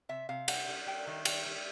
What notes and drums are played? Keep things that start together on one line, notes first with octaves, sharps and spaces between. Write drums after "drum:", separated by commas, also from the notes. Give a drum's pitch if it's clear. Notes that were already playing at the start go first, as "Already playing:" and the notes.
C3 E5
C3 F5
G3 F#5, drum: cymbal
G3
G3 G5
D#3
G3 G5, drum: cymbal
G3